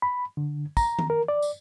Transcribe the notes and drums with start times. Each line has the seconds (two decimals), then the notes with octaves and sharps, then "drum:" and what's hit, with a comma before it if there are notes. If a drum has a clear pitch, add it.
0.02 B5
0.37 D3
0.77 A#5, drum: kick, tambourine
0.99 drum: tom D#3
1.10 A#4
1.28 D5
1.42 drum: tambourine